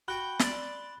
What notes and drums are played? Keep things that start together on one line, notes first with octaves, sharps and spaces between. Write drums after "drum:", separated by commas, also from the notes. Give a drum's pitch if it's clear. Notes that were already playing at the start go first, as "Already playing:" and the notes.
F#4 G5 B5 F#6 G7
D5 A5 C6, drum: snare